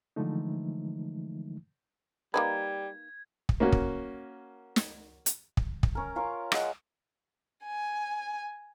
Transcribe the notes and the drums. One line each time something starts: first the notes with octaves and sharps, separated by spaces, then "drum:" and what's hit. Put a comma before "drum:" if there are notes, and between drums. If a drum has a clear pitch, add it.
D3 E3 F3 G#3 A3 D#4
G3 A#3 D#4 B4 G#6
drum: kick
A#3 C#4 F#4
drum: kick
drum: snare
drum: hi-hat
drum: kick
drum: kick
C#4 A#4
C#4 F4 A#4 C#5
G#3 F5 F#5, drum: rim click
G#5